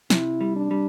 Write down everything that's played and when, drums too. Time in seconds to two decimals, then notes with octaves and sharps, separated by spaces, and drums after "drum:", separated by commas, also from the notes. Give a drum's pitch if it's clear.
0.10 C3 E4, drum: snare
0.41 G3
0.56 D4
0.71 G3